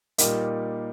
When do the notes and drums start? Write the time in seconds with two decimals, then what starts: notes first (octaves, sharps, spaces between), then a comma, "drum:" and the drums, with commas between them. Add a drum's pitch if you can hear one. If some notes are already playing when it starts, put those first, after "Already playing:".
0.18 A#2 G3 A#3 D#4, drum: hi-hat